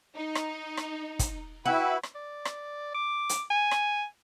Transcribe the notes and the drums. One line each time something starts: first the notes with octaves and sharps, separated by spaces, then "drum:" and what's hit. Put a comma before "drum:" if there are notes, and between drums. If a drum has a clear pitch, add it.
D#4
drum: rim click
drum: rim click
drum: kick, hi-hat
E4 F#4 B4 G5
drum: rim click
D5
drum: rim click
D6
drum: hi-hat
G#5
drum: rim click